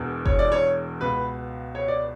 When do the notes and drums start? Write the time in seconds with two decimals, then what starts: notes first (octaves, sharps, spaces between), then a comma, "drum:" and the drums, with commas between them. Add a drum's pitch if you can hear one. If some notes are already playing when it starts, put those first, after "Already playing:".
Already playing: E1 E2 B2
0.26 C#5, drum: kick F#1
0.39 D5
0.52 C#5
1.00 C#2 B2 B4
1.75 C#5
1.88 D5